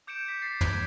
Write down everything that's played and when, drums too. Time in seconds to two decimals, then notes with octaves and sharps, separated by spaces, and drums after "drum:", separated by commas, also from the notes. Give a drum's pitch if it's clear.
0.07 D6 G6 C#7 D7 E7
0.28 D6 B6
0.42 A6 C7
0.61 G#6, drum: tom